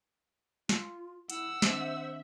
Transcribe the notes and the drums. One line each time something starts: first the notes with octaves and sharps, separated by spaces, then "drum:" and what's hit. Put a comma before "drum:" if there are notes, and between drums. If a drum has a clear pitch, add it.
F4, drum: snare
E4 F#5 E6, drum: hi-hat
D#3 C4 D4 C5 E5, drum: snare